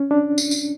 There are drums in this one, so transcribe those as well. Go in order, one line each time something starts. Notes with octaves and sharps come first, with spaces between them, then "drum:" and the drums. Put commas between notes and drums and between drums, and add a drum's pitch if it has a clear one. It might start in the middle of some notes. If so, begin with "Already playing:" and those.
Already playing: C#4
D4
drum: tambourine
drum: tambourine